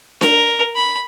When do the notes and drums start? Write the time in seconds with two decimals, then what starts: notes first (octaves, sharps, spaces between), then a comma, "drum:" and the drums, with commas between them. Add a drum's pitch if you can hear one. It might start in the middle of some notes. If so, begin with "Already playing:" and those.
0.21 A#4, drum: snare D4
0.76 B5